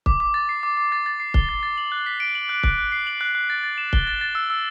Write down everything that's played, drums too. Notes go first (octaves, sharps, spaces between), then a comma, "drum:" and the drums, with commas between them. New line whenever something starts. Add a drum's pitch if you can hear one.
D6, drum: kick
D6
A6
C7
D6
D6
A6
A6
C7
G7, drum: kick
A6
A6
F#7
F#6
B6
D7
F#7
F#6
F#6, drum: kick
F#6
C7
F#7
F#6
F#6
A6
A6
E7
G7, drum: kick
A6
A6
E6
E6